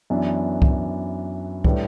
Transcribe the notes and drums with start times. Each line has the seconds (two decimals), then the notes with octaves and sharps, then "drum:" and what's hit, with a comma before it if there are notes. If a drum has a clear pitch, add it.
0.10 F#2 E3 B3 D4
0.62 drum: kick
1.64 A2 G3 D4 G4 B4, drum: kick